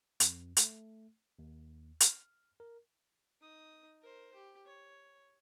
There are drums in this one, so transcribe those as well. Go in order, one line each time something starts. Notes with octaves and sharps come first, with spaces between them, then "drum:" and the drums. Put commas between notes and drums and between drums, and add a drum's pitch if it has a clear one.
F2, drum: hi-hat
A3, drum: hi-hat
D#2
F6, drum: hi-hat
A#4
D#4 D#6
A#4 C5
G4
C#5